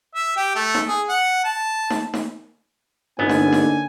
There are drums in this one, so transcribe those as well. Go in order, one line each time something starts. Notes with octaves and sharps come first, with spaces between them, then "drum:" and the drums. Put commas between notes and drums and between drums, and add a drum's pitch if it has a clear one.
E5
G4
A3
drum: snare D#4
G#4
F#5
A5
drum: snare D#4
drum: snare D#4
G1 D3 A#3 B3 C#4 D#4 G#5
drum: snare D#4
drum: snare D#4